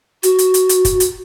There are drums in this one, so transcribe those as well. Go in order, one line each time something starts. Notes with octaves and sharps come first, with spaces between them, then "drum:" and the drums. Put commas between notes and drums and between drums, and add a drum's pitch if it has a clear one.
F#4, drum: hi-hat
drum: hi-hat
drum: hi-hat
drum: hi-hat
drum: kick, hi-hat
drum: hi-hat